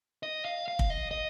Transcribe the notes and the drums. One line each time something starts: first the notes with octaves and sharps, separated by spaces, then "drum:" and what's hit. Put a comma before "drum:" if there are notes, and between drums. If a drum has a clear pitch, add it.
D#5
F5
F5
drum: kick
D#5
D#5